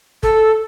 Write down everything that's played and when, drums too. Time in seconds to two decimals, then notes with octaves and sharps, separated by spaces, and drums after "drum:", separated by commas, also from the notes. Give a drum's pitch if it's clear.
0.23 A4, drum: kick